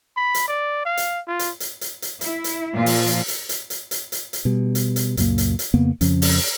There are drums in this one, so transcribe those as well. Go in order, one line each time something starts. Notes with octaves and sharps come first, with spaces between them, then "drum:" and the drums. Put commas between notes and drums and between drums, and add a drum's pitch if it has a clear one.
B5
drum: hi-hat
D5
F5
drum: hi-hat
F4
drum: hi-hat
drum: hi-hat
drum: hi-hat
drum: hi-hat
E4, drum: hi-hat
drum: hi-hat
A#2 F3 F4
drum: open hi-hat
drum: hi-hat
drum: hi-hat
drum: hi-hat
drum: hi-hat
drum: hi-hat
drum: hi-hat
drum: hi-hat
B2 G3
drum: hi-hat
drum: hi-hat
C#2 F#2 A#2 A#3, drum: hi-hat
drum: hi-hat
drum: hi-hat
F2 C#3 A#3 B3
F2 C#3 F3 C#4, drum: hi-hat
drum: open hi-hat